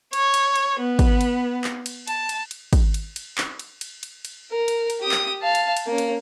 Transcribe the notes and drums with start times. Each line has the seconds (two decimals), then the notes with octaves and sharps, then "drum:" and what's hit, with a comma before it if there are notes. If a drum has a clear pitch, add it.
0.13 C#5, drum: cymbal
0.34 drum: cymbal
0.56 drum: cymbal
0.80 B3
0.99 drum: kick, cymbal
1.21 drum: cymbal
1.64 drum: clap
1.86 drum: cymbal
2.07 A5, drum: cymbal
2.29 drum: cymbal
2.51 drum: cymbal
2.73 drum: kick, cymbal
2.94 drum: cymbal
3.16 drum: cymbal
3.38 drum: clap
3.59 drum: cymbal
3.81 drum: cymbal
4.03 drum: cymbal
4.25 drum: cymbal
4.51 A#4
4.68 drum: cymbal
4.90 drum: cymbal
5.01 G4 D#6
5.11 drum: clap
5.42 F5 A5
5.55 drum: cymbal
5.77 drum: cymbal
5.87 A#3 C#4
5.98 drum: cymbal